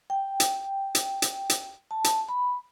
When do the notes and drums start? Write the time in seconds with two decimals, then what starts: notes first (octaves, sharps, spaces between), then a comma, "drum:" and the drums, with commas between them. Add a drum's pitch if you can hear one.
0.10 G5
0.40 drum: hi-hat
0.95 drum: hi-hat
1.22 drum: hi-hat
1.50 drum: hi-hat
1.91 A5
2.04 drum: hi-hat
2.29 B5